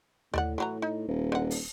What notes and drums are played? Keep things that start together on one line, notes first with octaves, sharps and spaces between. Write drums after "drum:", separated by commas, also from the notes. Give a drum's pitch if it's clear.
A2 D5 E5 F#5, drum: tom D#2
E3 F#3 A#5
D#4
D#1
D3 F#5
drum: open hi-hat